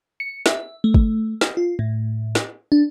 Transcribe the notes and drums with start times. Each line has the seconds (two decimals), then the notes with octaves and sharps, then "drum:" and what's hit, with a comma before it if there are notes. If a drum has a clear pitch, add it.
0.20 C#7
0.46 E5, drum: snare
0.84 A3
0.94 drum: kick
1.41 drum: snare
1.57 F4
1.79 A2
2.35 drum: snare
2.72 D4